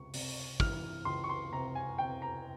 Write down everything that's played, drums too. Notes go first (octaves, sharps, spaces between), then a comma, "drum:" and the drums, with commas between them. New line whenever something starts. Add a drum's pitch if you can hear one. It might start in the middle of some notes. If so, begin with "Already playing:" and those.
Already playing: C#2 C3 C#6
C3, drum: open hi-hat
E3 F6, drum: kick
C#2 C6
C#6
C6
C3 A#5
G#5
C3 G5
A#5